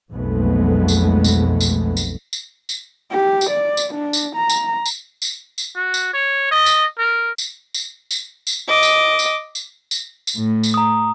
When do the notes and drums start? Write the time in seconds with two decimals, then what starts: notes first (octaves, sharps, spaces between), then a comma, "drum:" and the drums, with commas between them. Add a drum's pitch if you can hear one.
0.11 B1 F2 B2 G#3 A3 B3
0.88 drum: tambourine
1.24 drum: tambourine
1.61 drum: tambourine
1.97 drum: tambourine
2.33 drum: tambourine
2.69 drum: tambourine
3.11 G4
3.41 drum: tambourine
3.50 D5
3.77 drum: tambourine
3.94 D4
4.13 drum: tambourine
4.36 A#5
4.49 drum: tambourine
4.86 drum: tambourine
5.22 drum: tambourine
5.58 drum: tambourine
5.76 F#4
5.94 drum: tambourine
6.14 C#5
6.51 D#5
6.66 drum: tambourine
6.99 A#4
7.38 drum: tambourine
7.74 drum: tambourine
8.11 drum: tambourine
8.47 drum: tambourine
8.68 D#5 D6
8.83 drum: tambourine
9.19 drum: tambourine
9.55 drum: tambourine
9.91 drum: tambourine
10.27 drum: tambourine
10.36 A2
10.63 drum: tambourine
10.74 A#5 D#6